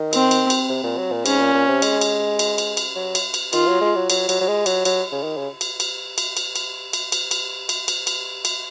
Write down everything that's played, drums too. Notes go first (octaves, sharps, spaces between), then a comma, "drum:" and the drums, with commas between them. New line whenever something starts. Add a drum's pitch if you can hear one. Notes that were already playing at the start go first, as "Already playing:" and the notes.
Already playing: D#3
C4, drum: cymbal
drum: cymbal
drum: cymbal
C3
A#2
F#3
A#2
G#2 C#4, drum: cymbal
A#2
A#2
C3
G#3, drum: cymbal
drum: cymbal
drum: cymbal
drum: cymbal
drum: cymbal
F#3
drum: cymbal
drum: cymbal
D#3 F4, drum: cymbal
F#3
G#3
F#3
F#3, drum: cymbal
F#3, drum: cymbal
F#3
G#3
F#3, drum: cymbal
F#3, drum: cymbal
C#3
D#3
C#3
drum: cymbal
drum: cymbal
drum: cymbal
drum: cymbal
drum: cymbal
drum: cymbal
drum: cymbal
drum: cymbal
drum: cymbal
drum: cymbal
drum: cymbal
drum: cymbal